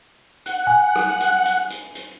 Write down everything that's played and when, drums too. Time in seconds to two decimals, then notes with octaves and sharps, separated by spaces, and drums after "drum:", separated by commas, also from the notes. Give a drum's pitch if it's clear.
0.46 F#5, drum: hi-hat
0.67 G#5
0.96 drum: rim click
1.20 drum: hi-hat
1.45 drum: hi-hat
1.70 drum: hi-hat
1.95 drum: hi-hat